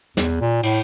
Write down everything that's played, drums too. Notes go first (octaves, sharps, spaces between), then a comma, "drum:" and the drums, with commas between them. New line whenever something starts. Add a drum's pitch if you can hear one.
E2, drum: snare
A#2
A2, drum: cymbal